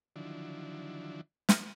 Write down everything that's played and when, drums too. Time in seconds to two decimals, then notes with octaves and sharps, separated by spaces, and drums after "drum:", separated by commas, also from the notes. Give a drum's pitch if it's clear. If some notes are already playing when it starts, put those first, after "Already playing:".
0.16 D3 D#3 F3 F#3 D4 E4
1.49 drum: snare